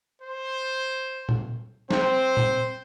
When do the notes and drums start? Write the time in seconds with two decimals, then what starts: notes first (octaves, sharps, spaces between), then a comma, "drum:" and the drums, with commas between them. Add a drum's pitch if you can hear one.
0.22 C5
1.29 drum: tom A#2
1.91 C4 C5, drum: snare
2.37 drum: tom A#2